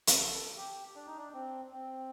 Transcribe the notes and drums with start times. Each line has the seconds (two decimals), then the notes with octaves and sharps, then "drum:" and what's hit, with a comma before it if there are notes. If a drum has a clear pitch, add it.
0.07 drum: hi-hat
0.18 A4
0.57 G4
0.95 D4
1.07 D#4
1.17 D4
1.34 C4
1.73 C4